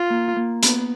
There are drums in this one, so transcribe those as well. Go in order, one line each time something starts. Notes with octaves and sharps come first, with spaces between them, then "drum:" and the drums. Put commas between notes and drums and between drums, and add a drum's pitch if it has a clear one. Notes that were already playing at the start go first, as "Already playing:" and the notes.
Already playing: F4
A#3
A#3
B3, drum: hi-hat